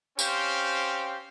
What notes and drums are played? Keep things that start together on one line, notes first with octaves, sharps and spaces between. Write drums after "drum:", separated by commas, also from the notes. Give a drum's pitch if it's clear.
C4 C#4 G4 C5 F5 G5, drum: tambourine